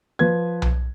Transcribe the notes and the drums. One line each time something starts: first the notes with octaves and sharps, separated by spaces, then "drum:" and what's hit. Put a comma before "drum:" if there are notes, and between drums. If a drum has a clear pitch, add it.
F3 B4 G#6
drum: tom B1